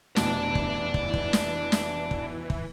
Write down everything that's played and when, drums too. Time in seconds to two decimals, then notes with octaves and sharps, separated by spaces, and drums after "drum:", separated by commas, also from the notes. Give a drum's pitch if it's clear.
0.16 F1 B2 E3 D5 A5, drum: snare
0.55 drum: kick
0.94 drum: kick
1.14 drum: kick
1.33 drum: snare
1.72 drum: snare
2.11 drum: kick
2.50 drum: kick